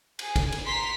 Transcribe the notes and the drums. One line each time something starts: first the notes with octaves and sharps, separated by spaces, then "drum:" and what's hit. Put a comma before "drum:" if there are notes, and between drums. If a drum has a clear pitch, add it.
G#4, drum: cymbal
drum: kick A1, cymbal
drum: cymbal
A#5 C6 B6